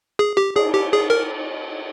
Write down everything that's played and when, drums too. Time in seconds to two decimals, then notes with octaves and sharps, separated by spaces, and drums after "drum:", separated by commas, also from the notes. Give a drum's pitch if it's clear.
0.19 G#4
0.37 G4
0.56 G#4, drum: cymbal
0.73 G4
0.92 G#4
1.10 A#4